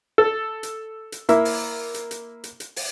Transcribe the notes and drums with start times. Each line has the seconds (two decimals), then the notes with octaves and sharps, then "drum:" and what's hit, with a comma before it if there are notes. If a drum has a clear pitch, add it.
0.18 A4
0.63 drum: hi-hat
1.12 drum: hi-hat
1.29 A#3 E4 E5, drum: hi-hat
1.45 drum: open hi-hat
1.94 drum: hi-hat
2.11 drum: hi-hat
2.44 drum: hi-hat
2.60 drum: hi-hat
2.76 drum: open hi-hat